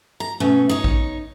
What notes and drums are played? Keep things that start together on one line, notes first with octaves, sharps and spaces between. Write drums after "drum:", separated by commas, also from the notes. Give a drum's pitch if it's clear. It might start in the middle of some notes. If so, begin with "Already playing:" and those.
A#5
B2 A3 C#4
D#4 C#5
drum: kick A1